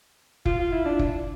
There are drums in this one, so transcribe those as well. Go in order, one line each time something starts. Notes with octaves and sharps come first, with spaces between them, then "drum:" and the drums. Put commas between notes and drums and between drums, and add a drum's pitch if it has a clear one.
F4, drum: kick F#1
F4
E4
D4
drum: kick F#1